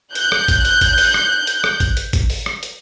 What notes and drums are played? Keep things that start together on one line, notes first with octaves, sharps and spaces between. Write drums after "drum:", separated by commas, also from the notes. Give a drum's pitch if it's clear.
F#6 G6, drum: hi-hat
drum: rim click
drum: kick G#1, hi-hat
drum: hi-hat
drum: kick G#1, hi-hat
drum: open hi-hat
drum: rim click
drum: hi-hat
drum: rim click
drum: kick G#1, hi-hat
drum: hi-hat
drum: kick G#1, hi-hat
drum: open hi-hat
drum: rim click
drum: hi-hat